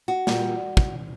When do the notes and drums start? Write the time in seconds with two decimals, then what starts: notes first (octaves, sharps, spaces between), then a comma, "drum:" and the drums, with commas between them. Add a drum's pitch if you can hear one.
0.08 F#4
0.27 A#2 G3, drum: snare
0.77 drum: kick